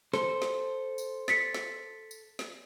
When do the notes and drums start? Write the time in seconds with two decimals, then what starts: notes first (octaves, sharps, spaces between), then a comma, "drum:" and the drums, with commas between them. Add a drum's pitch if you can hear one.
0.14 A4 C5, drum: snare
0.42 drum: snare
0.98 drum: tambourine
1.28 A6 B6 C#7, drum: snare
1.54 drum: snare
2.11 drum: tambourine
2.39 drum: snare